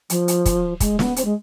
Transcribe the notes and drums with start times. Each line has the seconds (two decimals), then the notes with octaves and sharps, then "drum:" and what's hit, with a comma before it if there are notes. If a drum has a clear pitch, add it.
0.10 F3, drum: hi-hat
0.28 drum: hi-hat
0.46 drum: kick, hi-hat
0.80 G#3, drum: kick, hi-hat
0.99 B3, drum: snare
1.16 C4, drum: hi-hat
1.24 G#3